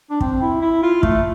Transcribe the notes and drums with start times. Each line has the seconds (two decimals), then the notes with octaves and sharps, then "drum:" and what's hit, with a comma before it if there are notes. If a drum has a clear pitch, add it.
0.10 D4
0.20 C4, drum: kick
0.41 E4
0.62 E4
0.83 F4
1.03 A3, drum: kick